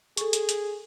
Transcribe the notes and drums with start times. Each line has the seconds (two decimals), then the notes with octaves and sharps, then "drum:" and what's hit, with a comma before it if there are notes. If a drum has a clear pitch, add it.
0.17 G#4 A4 C#6, drum: hi-hat
0.33 drum: hi-hat
0.49 drum: hi-hat